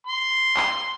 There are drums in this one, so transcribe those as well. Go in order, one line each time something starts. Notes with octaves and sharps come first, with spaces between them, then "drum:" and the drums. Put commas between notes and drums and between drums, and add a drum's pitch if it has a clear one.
C6
drum: clap